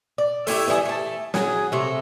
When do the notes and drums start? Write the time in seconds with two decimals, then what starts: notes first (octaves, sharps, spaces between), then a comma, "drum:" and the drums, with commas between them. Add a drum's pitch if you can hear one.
0.18 D5
0.47 A3 E4 G4 E5, drum: open hi-hat
0.68 E3 G3 E4 G#4
0.85 A3 A5
1.34 F#3 G#4, drum: snare
1.72 C3 A3